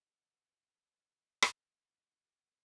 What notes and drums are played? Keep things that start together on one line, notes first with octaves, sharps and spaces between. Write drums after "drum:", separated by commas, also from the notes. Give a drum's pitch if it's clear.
C5 F#5 E6
drum: rim click
F#4 D6